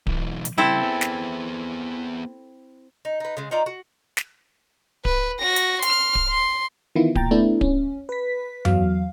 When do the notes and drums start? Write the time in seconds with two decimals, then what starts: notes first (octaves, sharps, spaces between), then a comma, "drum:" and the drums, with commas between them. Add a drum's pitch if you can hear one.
0.07 B1 E3, drum: kick D1
0.45 drum: hi-hat
0.58 C#3 G3 C4 E4 A4
0.81 B3 G#4
1.01 drum: snare
3.05 D#4
3.20 D#4 B4
3.37 C#3 G#3
3.51 D#4 F4 D5 A#5
3.66 F#4
4.17 drum: snare
5.05 B4, drum: kick D1
5.40 F#4 A#6
5.56 drum: hi-hat
5.82 C6 F6, drum: hi-hat
6.15 drum: kick D1
6.28 C6
6.96 D#3 E3 B3 E4 F4
7.15 A#2 G5 A#5 A6, drum: kick D1
7.31 A3 B3 D4 E4
7.61 C#4, drum: kick D1
8.09 B4 B6
8.65 E2 F#3 F5, drum: tom F#2